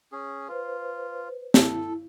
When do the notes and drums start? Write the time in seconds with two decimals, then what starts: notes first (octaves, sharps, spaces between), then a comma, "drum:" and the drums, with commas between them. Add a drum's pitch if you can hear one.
0.12 C#4 G#4
0.48 F4 B4 C5
1.54 E4 A4, drum: snare